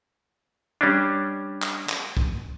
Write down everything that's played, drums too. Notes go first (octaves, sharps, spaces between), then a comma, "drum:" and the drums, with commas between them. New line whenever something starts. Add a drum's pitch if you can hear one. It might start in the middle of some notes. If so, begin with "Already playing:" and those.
G3 C#4 D4
drum: clap
drum: clap
drum: kick